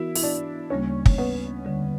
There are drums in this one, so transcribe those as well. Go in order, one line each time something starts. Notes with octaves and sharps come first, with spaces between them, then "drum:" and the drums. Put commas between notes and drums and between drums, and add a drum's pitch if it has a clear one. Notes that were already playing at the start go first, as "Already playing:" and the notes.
Already playing: E3 B3 E4 F#4 A#4
E4, drum: open hi-hat
D4
D2 C#3 G3 A#3 C#4
drum: kick
B3
E2 D3 G3